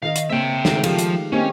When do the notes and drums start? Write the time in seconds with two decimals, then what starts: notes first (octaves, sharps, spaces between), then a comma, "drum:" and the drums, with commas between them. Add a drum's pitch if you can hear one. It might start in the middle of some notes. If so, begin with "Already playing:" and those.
0.03 D#3 D#5 F5
0.16 drum: hi-hat
0.30 C#3 A#3 C4 E5 G5
0.65 D#3 G#3 A3, drum: snare
0.84 F3 G4 F5, drum: cymbal
0.99 drum: hi-hat
1.32 A#3 C4 C#4 D#4 G4